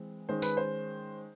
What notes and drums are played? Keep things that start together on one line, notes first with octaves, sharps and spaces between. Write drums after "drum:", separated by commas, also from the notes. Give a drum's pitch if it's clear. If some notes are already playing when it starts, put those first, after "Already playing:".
Already playing: E3 G#3 C4
D#3 G#3 C#4 C5
B4, drum: tambourine
C5